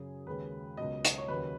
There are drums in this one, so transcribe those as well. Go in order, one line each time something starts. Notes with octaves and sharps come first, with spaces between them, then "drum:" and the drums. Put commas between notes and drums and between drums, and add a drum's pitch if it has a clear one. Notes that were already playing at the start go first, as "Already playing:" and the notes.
Already playing: F#2 C#3 F#3 G#4
D#2 C#3 G#3 B4
C#2 B2 F#3 D#5
drum: hi-hat
C#5
D#2 C#3 F#3 B4